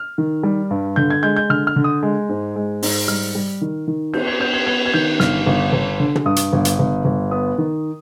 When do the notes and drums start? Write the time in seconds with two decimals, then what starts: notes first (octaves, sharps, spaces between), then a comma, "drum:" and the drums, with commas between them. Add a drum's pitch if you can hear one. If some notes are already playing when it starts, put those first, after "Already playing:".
Already playing: F6
0.18 D#3
0.43 G3
0.71 G2
0.96 D3 G6
1.10 G#6
1.23 G#3 G6
1.36 G6
1.50 D3 F6
1.67 F6
1.76 D3
1.84 D#6
2.03 G#3
2.29 G#2
2.56 G#3
2.82 G#2, drum: open hi-hat
3.08 G3 F6
3.35 G3
3.61 D#3
3.88 D#3
4.14 B3 G6, drum: cymbal
4.28 G#6
4.40 B3 G6
4.54 G#6
4.67 B3 G#6
4.86 G#6
4.94 D#3 G6
5.20 G1 F6, drum: snare
5.46 G1
5.73 G1
6.00 D3
6.15 drum: tom
6.26 G2 D#6
6.36 drum: hi-hat
6.53 G1
6.65 drum: hi-hat
6.79 G1
7.05 G1
7.31 B3 D#6
7.58 D#3